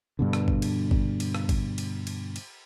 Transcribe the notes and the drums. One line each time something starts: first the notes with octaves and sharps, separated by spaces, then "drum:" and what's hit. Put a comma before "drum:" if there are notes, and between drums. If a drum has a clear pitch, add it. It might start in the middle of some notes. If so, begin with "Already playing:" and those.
G2 B2 D3
drum: rim click
drum: kick
drum: cymbal
drum: kick
drum: cymbal
drum: rim click
drum: kick, cymbal
drum: cymbal
drum: cymbal
drum: cymbal